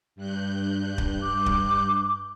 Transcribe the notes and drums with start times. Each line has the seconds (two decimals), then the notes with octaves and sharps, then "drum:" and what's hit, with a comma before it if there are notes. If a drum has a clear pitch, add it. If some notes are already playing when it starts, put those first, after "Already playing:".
0.16 G2 F#6 G6
0.98 drum: kick
1.22 D6
1.46 drum: kick